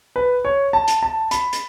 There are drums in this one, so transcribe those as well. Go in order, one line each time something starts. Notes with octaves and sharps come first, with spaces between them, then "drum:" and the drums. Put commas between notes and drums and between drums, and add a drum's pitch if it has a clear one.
B4
C#5
A5
drum: hi-hat
A5
B5, drum: hi-hat
drum: hi-hat